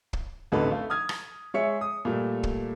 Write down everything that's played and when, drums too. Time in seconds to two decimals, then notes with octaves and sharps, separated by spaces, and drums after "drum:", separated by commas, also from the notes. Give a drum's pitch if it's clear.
0.13 drum: kick
0.52 A1 D2 C3 D#4 A4 B4
0.71 A3 F5
0.90 D#6 F6 G#6
1.09 drum: rim click
1.54 G#3 C#5 E5 C#7
1.81 D#6
2.05 A#2 G3 A3
2.43 drum: kick